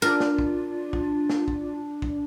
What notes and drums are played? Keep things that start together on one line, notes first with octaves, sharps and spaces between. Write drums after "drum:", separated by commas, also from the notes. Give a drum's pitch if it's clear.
D4 F4 A#4
drum: snare
drum: kick B1
drum: kick B1
drum: snare
drum: kick B1
drum: kick B1